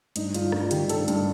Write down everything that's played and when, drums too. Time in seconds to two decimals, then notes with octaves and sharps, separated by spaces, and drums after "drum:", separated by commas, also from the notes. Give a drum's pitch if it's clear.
0.16 G2 D#4, drum: hi-hat
0.34 G2 F4, drum: hi-hat
0.52 G2 F4, drum: rim click
0.71 D#3 G4, drum: hi-hat
0.89 G2 A4, drum: hi-hat
1.08 G2, drum: hi-hat